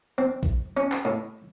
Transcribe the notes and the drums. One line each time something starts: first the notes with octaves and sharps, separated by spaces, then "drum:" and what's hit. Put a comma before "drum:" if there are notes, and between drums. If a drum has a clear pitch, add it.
C4
drum: kick A#1
C#4
drum: clap
A2